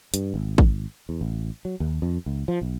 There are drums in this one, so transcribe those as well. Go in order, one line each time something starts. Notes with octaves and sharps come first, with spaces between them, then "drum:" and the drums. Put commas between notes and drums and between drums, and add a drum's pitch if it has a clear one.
G2, drum: hi-hat
G#1
drum: kick
E2
A1
F#3
D#2
F2
C#2
F3
B1